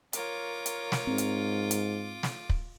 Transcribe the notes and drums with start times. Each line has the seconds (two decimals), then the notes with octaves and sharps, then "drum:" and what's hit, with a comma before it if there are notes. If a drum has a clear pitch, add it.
0.13 F4 A#4 C#5 D6, drum: hi-hat
0.66 drum: hi-hat
0.92 drum: snare
1.07 G#2 C4
1.18 drum: hi-hat
1.71 drum: hi-hat
2.23 drum: snare
2.49 drum: kick